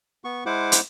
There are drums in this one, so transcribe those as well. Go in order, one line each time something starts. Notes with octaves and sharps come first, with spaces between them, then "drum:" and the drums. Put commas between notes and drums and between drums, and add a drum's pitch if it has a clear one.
B3 C#6
G#3 E4 C5 F#5 D6
drum: hi-hat